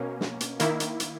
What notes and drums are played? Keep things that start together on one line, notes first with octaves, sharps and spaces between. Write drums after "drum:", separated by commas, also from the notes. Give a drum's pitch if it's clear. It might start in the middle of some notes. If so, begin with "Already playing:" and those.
Already playing: B2 A#3 C#4
drum: snare
drum: hi-hat
D#3 A#3 E4, drum: hi-hat
drum: hi-hat
drum: hi-hat